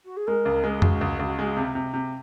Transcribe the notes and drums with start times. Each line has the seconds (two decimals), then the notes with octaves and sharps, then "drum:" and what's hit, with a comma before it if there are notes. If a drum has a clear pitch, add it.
0.04 F#4
0.16 G#4
0.27 G#3 A#4
0.45 C#2
0.64 G#3
0.78 G#4
0.82 C#2 F#4, drum: tom
1.01 C#2
1.19 C#2
1.39 G#3
1.57 C3
1.75 C3
1.94 C3